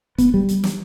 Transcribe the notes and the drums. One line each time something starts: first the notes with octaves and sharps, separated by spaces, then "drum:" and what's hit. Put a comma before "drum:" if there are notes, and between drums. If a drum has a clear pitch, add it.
B3, drum: kick, hi-hat
G3
drum: hi-hat
drum: snare